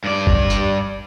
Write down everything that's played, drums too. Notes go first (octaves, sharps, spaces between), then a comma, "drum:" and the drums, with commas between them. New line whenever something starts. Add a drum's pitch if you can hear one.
G2 D5
drum: kick
drum: tambourine